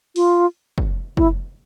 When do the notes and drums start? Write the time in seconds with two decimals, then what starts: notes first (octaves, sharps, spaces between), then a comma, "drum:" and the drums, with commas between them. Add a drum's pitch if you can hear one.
0.16 F4, drum: open hi-hat
0.78 drum: kick
1.17 E4, drum: kick